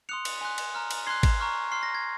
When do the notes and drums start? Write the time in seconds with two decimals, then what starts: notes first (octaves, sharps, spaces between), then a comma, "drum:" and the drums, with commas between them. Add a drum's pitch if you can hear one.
0.09 C6 D#6 F#6 C#7 F7
0.25 drum: cymbal
0.41 G#5 C6 F#6
0.58 drum: cymbal
0.75 A#5 F6
0.91 drum: cymbal
1.06 C6 F#6 G#6 C7
1.23 drum: kick, cymbal
1.40 A#5 C#6 F6
1.72 C6 F6 C7
1.83 A#6
1.95 G#6